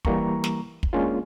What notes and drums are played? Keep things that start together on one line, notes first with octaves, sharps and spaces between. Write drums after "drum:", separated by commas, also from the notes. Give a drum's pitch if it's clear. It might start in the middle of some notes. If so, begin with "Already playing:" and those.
E3 G3 A#3 A#5 C#6, drum: kick
drum: snare
drum: kick
G#3 A#3 C#4 D4 F4